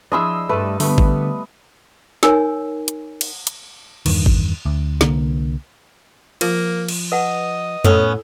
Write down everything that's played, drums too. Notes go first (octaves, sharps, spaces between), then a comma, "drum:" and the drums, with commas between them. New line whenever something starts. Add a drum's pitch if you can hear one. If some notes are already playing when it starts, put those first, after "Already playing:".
F3 D4 E4 G#4 D#5 C6 E6
G2 G3 A3 A4 B4
D3 G3 A3 B3, drum: open hi-hat
drum: kick G#1
D#4 A#4 C#5 G#5 E6, drum: snare
drum: hi-hat
drum: cymbal
drum: hi-hat
E2 G2 D#3, drum: cymbal
drum: kick G#1
D2
C2 D3 A#3, drum: snare
F3 A#3, drum: cymbal
drum: cymbal
B4 D#5 F#5 A5
A2 B3 C#4 E4 A4 E6, drum: tom F2